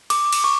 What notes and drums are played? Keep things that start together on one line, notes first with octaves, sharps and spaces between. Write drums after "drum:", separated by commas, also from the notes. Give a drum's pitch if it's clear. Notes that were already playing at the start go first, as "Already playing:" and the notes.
D6, drum: cymbal
drum: cymbal
C#6